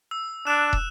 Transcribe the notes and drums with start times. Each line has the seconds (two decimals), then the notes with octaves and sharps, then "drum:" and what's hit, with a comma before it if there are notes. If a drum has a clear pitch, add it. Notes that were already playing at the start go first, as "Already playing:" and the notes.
0.11 E6
0.47 D4 F#6 E7
0.73 drum: kick